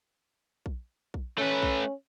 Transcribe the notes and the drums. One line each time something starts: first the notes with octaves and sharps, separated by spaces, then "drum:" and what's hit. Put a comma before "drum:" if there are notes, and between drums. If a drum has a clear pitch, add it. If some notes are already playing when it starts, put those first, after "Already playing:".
drum: kick A#1
drum: kick A#1
A3 C#4 B4
drum: kick A#1